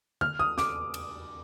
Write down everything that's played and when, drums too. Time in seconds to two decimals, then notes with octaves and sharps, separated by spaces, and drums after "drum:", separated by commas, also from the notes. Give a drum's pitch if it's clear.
0.21 F6, drum: tom D3
0.39 D#6
0.58 D6, drum: snare
0.94 drum: cymbal